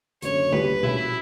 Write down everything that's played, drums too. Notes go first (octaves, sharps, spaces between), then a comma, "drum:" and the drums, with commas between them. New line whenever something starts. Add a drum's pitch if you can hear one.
F#1 F#2 D3 C#5, drum: hi-hat
D2 D3 G3 C#4 G4 B4, drum: tom D3
A#1 A#2 A#3 C#4 E4 F#4, drum: tom B2